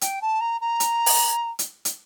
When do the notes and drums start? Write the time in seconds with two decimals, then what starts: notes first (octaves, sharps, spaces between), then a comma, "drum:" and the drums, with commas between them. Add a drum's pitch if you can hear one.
0.01 G5, drum: hi-hat
0.21 A5
0.41 A#5
0.61 A#5
0.80 drum: hi-hat
1.06 drum: open hi-hat
1.59 drum: hi-hat
1.85 drum: hi-hat